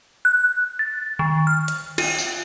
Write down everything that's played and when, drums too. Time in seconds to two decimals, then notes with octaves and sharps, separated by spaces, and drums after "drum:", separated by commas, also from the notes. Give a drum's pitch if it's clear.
0.25 F#6
0.79 A6
1.19 D#3
1.47 F6
1.68 drum: hi-hat
1.98 F4, drum: cymbal
2.18 drum: tambourine